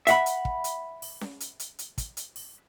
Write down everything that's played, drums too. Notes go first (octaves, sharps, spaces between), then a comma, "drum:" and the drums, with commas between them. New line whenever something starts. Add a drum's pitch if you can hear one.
E5 F#5 B5, drum: hi-hat
drum: hi-hat
drum: kick
drum: hi-hat
drum: open hi-hat
drum: snare C#4
drum: hi-hat
drum: hi-hat
drum: hi-hat
drum: kick, hi-hat
drum: hi-hat
drum: open hi-hat